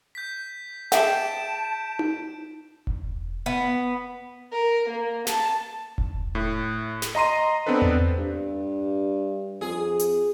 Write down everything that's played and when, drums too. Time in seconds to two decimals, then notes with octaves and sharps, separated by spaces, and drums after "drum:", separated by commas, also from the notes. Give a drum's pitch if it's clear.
0.15 G6 B6
0.92 G#4 E5 G5 A5 G6 D7 E7, drum: snare
1.99 drum: tom D#4
2.87 drum: kick E1
3.46 B3
4.52 A#4
4.88 A#3
5.27 A5, drum: snare
5.98 drum: kick E1
6.35 A2
7.02 drum: snare
7.15 D#5 A#5 C6 D#7
7.66 B3 C4 D4 A4 B4
7.82 drum: tom E2
8.18 G2
9.61 F2 G#4
9.99 drum: hi-hat